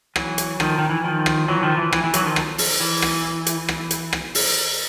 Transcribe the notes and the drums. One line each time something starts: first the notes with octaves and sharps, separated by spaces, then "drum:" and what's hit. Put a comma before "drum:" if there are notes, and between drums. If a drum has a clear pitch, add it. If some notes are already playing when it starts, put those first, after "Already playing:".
E3 F#3, drum: rim click
drum: hi-hat
D#3 F3, drum: rim click
D#3
E3
D#3 F3
drum: rim click
E3 F#3
D#3 F3
E3
E3, drum: rim click
E3
E3 F#3, drum: hi-hat
D#3 F3
drum: rim click
drum: open hi-hat
E3
drum: rim click
drum: hi-hat
drum: rim click
drum: hi-hat
drum: rim click
drum: open hi-hat